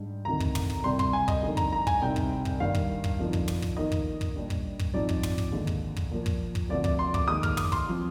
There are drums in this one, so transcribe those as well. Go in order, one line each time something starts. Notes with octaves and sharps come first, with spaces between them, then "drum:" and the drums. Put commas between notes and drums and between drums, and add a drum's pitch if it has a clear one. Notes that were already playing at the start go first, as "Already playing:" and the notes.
Already playing: G#2 G3 D4
D2 C3 D#3 A#5
drum: kick
drum: tom
drum: kick
C2 C3 G3 C6
C6, drum: kick
G#5
D#5, drum: kick
F2 D3 G3 A#3 D#4
A#5, drum: kick
A#5
G#5, drum: kick
C2 C3 G3 C4 D#4 G5
drum: kick
drum: kick
G2 D#3 G3 A#3 F5
drum: kick
drum: kick
F2 D3 F3 A#3 D#4
drum: kick
drum: tom
drum: kick
D#2 D#3 A#3 D#4 D#5
drum: kick
drum: kick
A#2 G3 D4
drum: kick
drum: kick
G#2 F3 C4 D#4 D5
drum: kick
drum: tom
drum: kick
D#2 D3 G#3
drum: kick
drum: kick
A#2 F3 A#3
drum: kick
drum: kick
D2 C3 F3 A#3 D5
D5, drum: kick
C6
D6, drum: kick
D#2 D#3 G#3 D#4 D#6
F6, drum: kick
D#6, drum: tom
C6, drum: kick
F3 C4